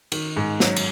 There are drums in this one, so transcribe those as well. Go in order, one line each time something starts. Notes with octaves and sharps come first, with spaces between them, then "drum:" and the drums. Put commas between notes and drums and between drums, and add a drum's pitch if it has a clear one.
D#3, drum: cymbal
G#2
F#3, drum: snare
drum: cymbal